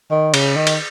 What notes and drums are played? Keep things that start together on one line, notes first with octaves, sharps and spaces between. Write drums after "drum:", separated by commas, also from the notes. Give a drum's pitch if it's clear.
D#3
C#3, drum: cymbal
D#3
drum: cymbal